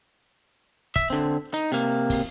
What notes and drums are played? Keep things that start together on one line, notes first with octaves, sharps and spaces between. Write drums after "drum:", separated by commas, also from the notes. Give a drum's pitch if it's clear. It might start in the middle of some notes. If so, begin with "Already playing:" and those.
E5, drum: kick, hi-hat
D3 C4
D#4, drum: hi-hat
C3 A#3
drum: kick, open hi-hat